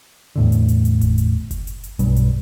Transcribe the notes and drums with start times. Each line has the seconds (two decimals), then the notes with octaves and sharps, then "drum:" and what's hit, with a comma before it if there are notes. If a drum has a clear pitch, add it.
0.36 E2 A2 D3
0.52 drum: hi-hat
0.68 drum: hi-hat
0.85 drum: hi-hat
1.01 drum: kick F#1, hi-hat
1.18 drum: hi-hat
1.51 drum: kick F#1, hi-hat
1.67 drum: hi-hat
1.84 drum: hi-hat
1.99 B1 G2, drum: hi-hat
2.16 drum: hi-hat